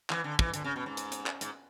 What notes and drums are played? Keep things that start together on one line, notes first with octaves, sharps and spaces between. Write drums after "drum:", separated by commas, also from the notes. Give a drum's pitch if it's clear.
E3, drum: clap
D3
E3, drum: kick
D3, drum: hi-hat
C#3
B2
G#2
drum: hi-hat
drum: hi-hat
drum: clap
G#2, drum: hi-hat